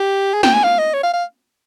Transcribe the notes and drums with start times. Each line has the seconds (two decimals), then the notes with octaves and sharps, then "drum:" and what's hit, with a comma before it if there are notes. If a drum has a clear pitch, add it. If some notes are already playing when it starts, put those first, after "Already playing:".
Already playing: G4
0.34 G#4
0.43 G5, drum: snare
0.54 G#5
0.64 F5
0.78 D#5
0.93 C#5
1.03 F5
1.14 F5